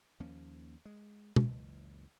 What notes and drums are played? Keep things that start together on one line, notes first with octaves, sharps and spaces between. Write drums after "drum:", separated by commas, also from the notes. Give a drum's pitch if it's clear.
D#2 F3 A#3 C#4
G#3
F#1 C#2 E3, drum: tom